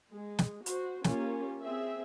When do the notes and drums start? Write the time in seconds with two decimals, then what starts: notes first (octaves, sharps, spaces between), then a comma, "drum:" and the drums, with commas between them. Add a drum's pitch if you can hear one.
0.13 G#3
0.39 drum: snare
0.66 F#4 C5, drum: hi-hat
1.04 A#3 C#4 F4 G4, drum: snare
1.61 C4 G#4 E5